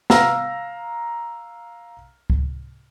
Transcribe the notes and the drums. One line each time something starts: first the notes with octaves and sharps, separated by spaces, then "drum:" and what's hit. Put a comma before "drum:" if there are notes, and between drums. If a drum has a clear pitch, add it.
F5 A#5 E6 F6 A#6, drum: snare
drum: kick C#2